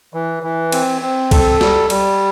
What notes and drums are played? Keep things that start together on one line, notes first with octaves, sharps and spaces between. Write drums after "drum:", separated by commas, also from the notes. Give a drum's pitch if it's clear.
E3
E3
C4, drum: cymbal
C4
A4, drum: kick, cymbal
G3, drum: snare
G3, drum: cymbal